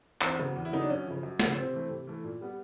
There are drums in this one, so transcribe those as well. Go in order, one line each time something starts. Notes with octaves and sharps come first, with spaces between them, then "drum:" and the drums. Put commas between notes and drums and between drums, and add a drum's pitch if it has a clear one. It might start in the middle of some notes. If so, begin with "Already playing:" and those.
E2 C4, drum: clap
C#3 F#3 B3
E2
E4
C#3 F#3 B3 D#4
D4
F#2 C#4
C#3 F3
F#2
C#3 F3, drum: snare
C3 C4
E3 A3
C3
E3 A3
A#2
G3 B3